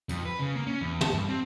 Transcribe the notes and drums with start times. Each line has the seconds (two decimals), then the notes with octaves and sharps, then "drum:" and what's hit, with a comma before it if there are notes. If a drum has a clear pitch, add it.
0.09 F2, drum: hi-hat
0.25 B4
0.40 C#3
0.55 A#3
0.67 C#4
0.81 E2
1.01 A5, drum: tom
1.13 G2
1.29 C4